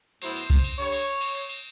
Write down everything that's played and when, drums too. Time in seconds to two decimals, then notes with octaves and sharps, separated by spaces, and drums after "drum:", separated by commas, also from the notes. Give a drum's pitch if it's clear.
0.22 A2 F#3 B3 E4 C5, drum: cymbal
0.36 drum: cymbal
0.50 drum: kick C2, cymbal
0.64 drum: cymbal
0.78 D3 G3 C#5
0.92 drum: cymbal
1.21 drum: cymbal
1.35 drum: cymbal
1.49 drum: cymbal